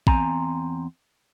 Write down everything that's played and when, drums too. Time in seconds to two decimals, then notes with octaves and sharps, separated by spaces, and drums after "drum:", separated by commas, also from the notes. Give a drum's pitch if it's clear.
0.07 E2 C4 G#5 A#5, drum: kick